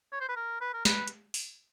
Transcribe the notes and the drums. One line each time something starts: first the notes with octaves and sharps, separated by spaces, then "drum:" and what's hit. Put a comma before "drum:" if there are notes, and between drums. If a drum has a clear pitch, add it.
C#5
C5
B4
A#4
B4
A#4
B4, drum: snare
drum: hi-hat
drum: open hi-hat